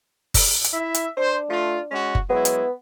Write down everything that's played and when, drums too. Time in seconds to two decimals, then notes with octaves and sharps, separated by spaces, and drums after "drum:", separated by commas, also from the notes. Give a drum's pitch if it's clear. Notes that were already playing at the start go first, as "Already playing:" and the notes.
0.34 drum: kick F#1, open hi-hat
0.64 drum: hi-hat
0.73 E4 E5
0.94 drum: hi-hat
1.17 D4 C5
1.50 A3 F4
1.91 G#3 C#4 F#4
2.15 drum: kick F#1
2.30 F#3 G#3 B3 E4
2.45 drum: hi-hat